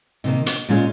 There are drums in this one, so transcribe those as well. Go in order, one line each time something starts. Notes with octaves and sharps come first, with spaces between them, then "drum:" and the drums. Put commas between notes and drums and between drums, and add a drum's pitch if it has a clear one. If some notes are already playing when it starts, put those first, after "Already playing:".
C3 D#3 A#3 D#5
drum: hi-hat
A#2 G#3 C#4 F4